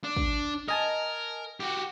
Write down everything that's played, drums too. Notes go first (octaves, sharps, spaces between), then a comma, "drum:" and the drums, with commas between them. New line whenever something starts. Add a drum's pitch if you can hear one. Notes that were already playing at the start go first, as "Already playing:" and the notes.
D4
drum: kick
A#4 D#5 G#5 A5
F#4 G4